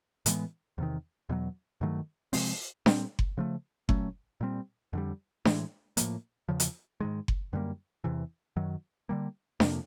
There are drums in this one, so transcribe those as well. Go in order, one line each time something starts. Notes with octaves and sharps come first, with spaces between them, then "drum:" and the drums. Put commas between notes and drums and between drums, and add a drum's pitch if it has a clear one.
A2 E3 G#3 B3, drum: hi-hat
E2 C3 D#3
E2 B2 F#3
G2 D#3 F#3 A3
C3 F3 G#3 C4, drum: open hi-hat
A#2 G3 C4, drum: snare D4
drum: kick F#1
C#3 F3 A3
A#2 F#3 A3 C#4, drum: kick F#1
A#2 G3 C4
F2 D3 G3
A2 E3 G#3, drum: snare D4
A2 F3 A#3, drum: hi-hat
E2 C#3 F3
drum: hi-hat
G#2 D#3 G#3
drum: kick F#1
F#2 D3 G3 A#3
E2 C3 E3
F#2 D#3 F#3
D3 G3 A#3
F2 C3 F3 A#3, drum: snare D4